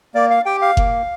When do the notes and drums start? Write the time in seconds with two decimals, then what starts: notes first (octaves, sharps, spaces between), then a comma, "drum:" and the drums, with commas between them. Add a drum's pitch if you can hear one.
0.14 A#3 D5
0.31 F5
0.46 G4 G5
0.62 F5
0.77 A#3, drum: kick F#1